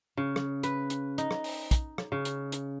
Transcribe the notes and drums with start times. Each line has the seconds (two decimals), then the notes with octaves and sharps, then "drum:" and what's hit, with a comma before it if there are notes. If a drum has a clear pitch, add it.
0.17 C#3
0.36 drum: rim click
0.63 B4, drum: hi-hat
0.90 drum: hi-hat
1.18 D#4, drum: hi-hat
1.31 drum: rim click
1.44 drum: open hi-hat
1.71 drum: kick, hi-hat
1.98 drum: rim click
2.12 C#3
2.25 drum: hi-hat
2.52 drum: hi-hat